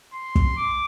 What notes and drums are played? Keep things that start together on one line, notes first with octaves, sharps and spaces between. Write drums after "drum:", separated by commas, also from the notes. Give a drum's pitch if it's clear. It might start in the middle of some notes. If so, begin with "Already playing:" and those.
C6
drum: kick
D6